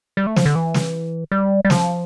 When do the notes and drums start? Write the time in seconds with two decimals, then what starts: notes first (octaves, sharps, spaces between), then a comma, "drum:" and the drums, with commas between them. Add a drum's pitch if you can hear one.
0.17 G3
0.27 A3
0.36 F3, drum: snare
0.46 D3
0.55 E3
0.74 drum: snare
1.32 G3
1.65 G3
1.70 F3, drum: snare